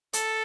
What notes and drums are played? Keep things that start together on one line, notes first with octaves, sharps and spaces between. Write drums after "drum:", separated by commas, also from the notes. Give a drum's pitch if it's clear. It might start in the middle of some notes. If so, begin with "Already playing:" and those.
A4, drum: hi-hat